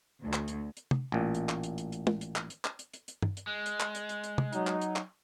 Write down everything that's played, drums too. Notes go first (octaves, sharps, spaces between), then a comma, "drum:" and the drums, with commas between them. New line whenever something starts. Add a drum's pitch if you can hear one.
D2
drum: clap
drum: hi-hat
drum: hi-hat
drum: tom
A1 A#2
drum: hi-hat
drum: clap
drum: hi-hat
drum: hi-hat
drum: hi-hat
drum: tom
drum: hi-hat
drum: clap
drum: hi-hat
drum: clap
drum: hi-hat
drum: hi-hat
drum: hi-hat
drum: tom
drum: hi-hat
G#3
drum: hi-hat
drum: clap
drum: hi-hat
drum: hi-hat
drum: hi-hat
drum: tom
F#3 D#4, drum: hi-hat
drum: clap
drum: hi-hat
drum: clap